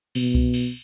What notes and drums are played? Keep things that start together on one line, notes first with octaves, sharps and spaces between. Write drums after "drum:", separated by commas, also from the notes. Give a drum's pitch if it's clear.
B2, drum: cymbal
drum: kick C2
drum: cymbal